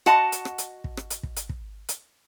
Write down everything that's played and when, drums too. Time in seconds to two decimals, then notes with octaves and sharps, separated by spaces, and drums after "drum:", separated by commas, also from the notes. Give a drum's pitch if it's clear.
0.06 F#4 D#5 F#5 A5, drum: rim click
0.32 drum: hi-hat
0.45 drum: rim click
0.58 drum: hi-hat
0.84 drum: kick
0.97 drum: rim click
1.10 drum: hi-hat
1.23 drum: kick
1.36 drum: hi-hat
1.49 drum: kick
1.89 drum: hi-hat